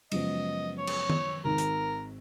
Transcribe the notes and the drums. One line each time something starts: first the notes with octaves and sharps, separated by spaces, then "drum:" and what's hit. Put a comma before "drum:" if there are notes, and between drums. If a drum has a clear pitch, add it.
F#2 C#3 F3 G#3 B3 D#5, drum: cymbal
C#5
drum: cymbal
drum: tom D#3
G#1 G#2 D#3 A#4
drum: hi-hat